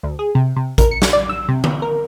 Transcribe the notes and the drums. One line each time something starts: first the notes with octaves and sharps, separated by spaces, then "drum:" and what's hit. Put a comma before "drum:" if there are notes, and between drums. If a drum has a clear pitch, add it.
D2
G#4
C3
C3
A#4, drum: kick A1, hi-hat
C#7
drum: snare
D5
E6
C3
drum: tom D3
A#4